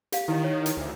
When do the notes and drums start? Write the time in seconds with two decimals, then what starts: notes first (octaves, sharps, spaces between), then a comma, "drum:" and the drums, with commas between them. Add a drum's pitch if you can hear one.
0.12 G4 F5, drum: hi-hat
0.28 D#3 E4 D#5
0.44 C#5
0.66 drum: hi-hat
0.77 D2